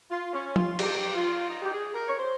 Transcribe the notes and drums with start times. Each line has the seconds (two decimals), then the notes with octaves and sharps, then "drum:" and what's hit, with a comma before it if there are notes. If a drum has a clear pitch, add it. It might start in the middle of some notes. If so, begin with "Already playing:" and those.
0.11 F4
0.33 C#4
0.56 F4, drum: tom F3
0.79 G4, drum: cymbal
1.14 F4
1.48 D#4
1.62 G4
1.71 G#4
1.94 A#4
2.07 C#5
2.18 C5